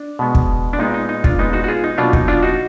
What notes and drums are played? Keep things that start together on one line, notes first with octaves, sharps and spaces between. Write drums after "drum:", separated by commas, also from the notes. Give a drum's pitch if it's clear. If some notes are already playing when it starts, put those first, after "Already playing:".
Already playing: D4
B2 G#3 B3
drum: kick
D4
A#2 G#3 B3 D#4
D#4
D#4
D4 F4, drum: kick
A#2 G#3 B3 D#4
D#4 F#4
F#4
F4 G#4
D#4
B2 F#3 A#3 D4 F4
D#4, drum: kick
D4 F4
D#4 F#4